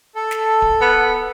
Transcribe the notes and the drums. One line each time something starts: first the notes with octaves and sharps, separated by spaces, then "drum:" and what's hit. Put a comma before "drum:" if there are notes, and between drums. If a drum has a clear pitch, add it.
A4
drum: snare
drum: kick D1
B3